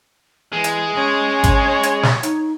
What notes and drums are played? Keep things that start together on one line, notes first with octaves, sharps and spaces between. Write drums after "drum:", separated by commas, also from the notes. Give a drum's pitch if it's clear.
E3 G#3
drum: hi-hat
C#4 C#5
drum: kick G#1, hi-hat
drum: hi-hat
drum: snare
D#4, drum: hi-hat